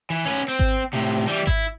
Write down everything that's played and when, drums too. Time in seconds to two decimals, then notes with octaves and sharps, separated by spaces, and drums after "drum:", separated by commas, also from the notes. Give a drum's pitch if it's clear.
0.10 E3
0.25 C#4 B4
0.48 C4
0.59 drum: kick G#1
0.93 A2 C3
1.27 E3 G3
1.47 E4, drum: kick G#1